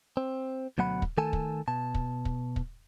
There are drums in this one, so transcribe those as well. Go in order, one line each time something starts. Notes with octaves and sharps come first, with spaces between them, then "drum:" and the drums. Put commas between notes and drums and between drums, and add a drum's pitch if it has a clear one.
C4
D2 B2 F#3 F#5 B5
drum: kick
D#3 A3 A4 G#5 A5
drum: kick
B2 A5
drum: kick
drum: kick
drum: kick